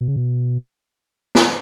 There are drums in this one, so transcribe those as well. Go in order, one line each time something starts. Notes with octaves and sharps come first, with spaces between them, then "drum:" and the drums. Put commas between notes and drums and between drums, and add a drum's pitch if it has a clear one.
B2
C#3
B2
drum: snare